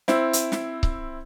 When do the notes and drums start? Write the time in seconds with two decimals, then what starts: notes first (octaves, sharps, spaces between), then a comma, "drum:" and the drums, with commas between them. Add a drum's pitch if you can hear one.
0.08 C4 E4, drum: snare
0.33 drum: hi-hat
0.52 drum: snare
0.83 drum: kick C#1